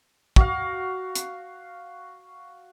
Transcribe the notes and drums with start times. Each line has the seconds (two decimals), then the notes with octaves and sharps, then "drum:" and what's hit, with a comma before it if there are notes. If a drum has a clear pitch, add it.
0.36 F#4 F5, drum: kick
1.16 drum: hi-hat